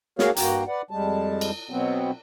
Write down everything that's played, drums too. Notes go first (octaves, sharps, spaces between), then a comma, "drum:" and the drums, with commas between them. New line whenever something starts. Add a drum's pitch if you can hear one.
A#3 F#4 G#4 A#4 C#5 F5, drum: snare
G2 A#3 F#4 G5 A#5, drum: hi-hat
B4 D5 F#5
F2 G3 G#3 A5
drum: cymbal
B2 F#3 B3 C4